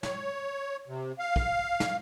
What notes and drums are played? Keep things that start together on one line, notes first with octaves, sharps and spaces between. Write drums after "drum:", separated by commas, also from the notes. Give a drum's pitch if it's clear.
C#5, drum: snare
C3
F5
drum: kick
drum: snare